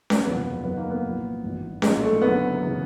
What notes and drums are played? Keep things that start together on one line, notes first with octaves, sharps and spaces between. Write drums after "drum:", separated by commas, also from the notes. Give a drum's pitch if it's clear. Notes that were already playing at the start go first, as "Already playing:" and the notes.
drum: snare C#4
F#1 E2 C3 F3 B3
F#1 F#2 D#3 B3
A#3
B3
C2 A#2 F3
G#1 G2 E3
B1 A#2 F3 G#3, drum: snare C#4
A3
F#1 F#2 D3 B3
C#3 E3